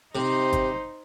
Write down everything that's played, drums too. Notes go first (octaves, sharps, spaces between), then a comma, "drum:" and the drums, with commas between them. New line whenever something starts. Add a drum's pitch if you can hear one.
C3 D#4 C5
drum: kick, hi-hat